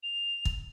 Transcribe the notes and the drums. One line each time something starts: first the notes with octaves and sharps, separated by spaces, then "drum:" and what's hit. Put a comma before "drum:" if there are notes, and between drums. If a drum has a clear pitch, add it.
F7
drum: kick